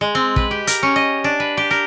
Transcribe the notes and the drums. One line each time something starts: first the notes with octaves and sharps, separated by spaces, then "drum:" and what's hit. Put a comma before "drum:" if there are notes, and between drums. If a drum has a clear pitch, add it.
G#3
C4
B4, drum: kick
G4
A#4, drum: hi-hat
C#4
D#5
D4
B4
G4
A#4